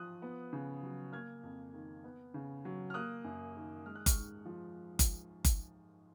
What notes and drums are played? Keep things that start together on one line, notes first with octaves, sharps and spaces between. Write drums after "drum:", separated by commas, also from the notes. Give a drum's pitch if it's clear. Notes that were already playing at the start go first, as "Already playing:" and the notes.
Already playing: F3 D#6 F#6
B3
C#3
F#3
A#3 F6 G#6
F2
D#3
B3
C#3
F#3
F6
A#3 D#6 F#6
F#2
D#3
G#3 F6
F#6
C#6 F6, drum: kick F#1, hi-hat
G#2
F3
drum: kick F#1, hi-hat
drum: kick F#1, hi-hat